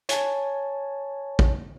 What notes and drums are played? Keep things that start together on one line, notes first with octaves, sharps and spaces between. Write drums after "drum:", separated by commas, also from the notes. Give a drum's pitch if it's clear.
C#5 G#5 A5, drum: hi-hat
drum: kick A1